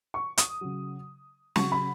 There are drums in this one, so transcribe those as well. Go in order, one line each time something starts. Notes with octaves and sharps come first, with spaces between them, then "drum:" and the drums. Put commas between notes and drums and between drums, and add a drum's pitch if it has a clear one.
C#6
D#6, drum: hi-hat
C#3 F#3
C#3 F#3 C#6, drum: snare
B5